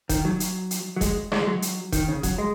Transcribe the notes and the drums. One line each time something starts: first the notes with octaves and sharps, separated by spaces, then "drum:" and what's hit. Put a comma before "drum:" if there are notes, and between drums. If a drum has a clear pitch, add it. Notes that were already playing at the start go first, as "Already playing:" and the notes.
D#3, drum: kick E1, hi-hat
F#3
drum: hi-hat
drum: hi-hat
F#3
G#3, drum: kick E1, hi-hat
G#3, drum: rim click
G#3
F#3
drum: hi-hat
D#3, drum: kick E1, hi-hat
C#3
F#3, drum: kick E1, hi-hat
G#3